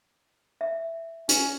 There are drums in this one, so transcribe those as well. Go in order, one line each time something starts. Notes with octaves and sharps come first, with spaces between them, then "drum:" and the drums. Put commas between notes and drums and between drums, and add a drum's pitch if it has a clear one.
E5
C#4, drum: hi-hat